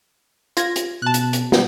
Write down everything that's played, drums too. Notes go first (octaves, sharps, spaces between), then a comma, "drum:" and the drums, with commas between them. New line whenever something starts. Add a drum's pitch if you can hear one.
F4 G#6 A#6, drum: hi-hat
drum: hi-hat
B2 A5 F#6
drum: hi-hat
drum: hi-hat
drum: snare